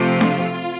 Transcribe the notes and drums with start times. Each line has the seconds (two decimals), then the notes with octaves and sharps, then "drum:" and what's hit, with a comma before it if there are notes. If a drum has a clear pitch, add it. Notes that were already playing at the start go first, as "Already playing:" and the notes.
Already playing: C3 F3 A3 F4
0.21 drum: snare D4